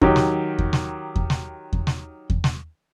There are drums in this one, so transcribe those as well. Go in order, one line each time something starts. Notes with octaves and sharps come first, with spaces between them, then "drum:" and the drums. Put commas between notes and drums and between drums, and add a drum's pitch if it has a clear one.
D#3 F#3 G4, drum: kick E2
drum: snare
drum: kick E2
drum: snare
drum: kick E2
drum: snare
drum: kick E2
drum: snare
drum: kick E2
drum: snare